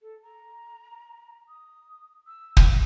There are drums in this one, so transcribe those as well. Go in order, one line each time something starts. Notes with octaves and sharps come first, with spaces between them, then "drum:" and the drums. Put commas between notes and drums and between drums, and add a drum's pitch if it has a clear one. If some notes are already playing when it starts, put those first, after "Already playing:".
A4
A#5
D#6
E6
drum: kick